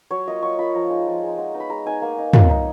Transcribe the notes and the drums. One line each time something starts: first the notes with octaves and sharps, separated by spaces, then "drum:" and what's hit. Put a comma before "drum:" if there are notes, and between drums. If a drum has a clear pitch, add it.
F#3 C#5
A#3 F4 D#5
F#3 C#6
A#3 F4 B5
F3 A#5
G#3 D#4
F3
G#3 D#4
G#3 F#5
B3 D#4
B5
G#3 A#5
B3 D#4 G#5
A#3
D#4
A#3, drum: tom
D#4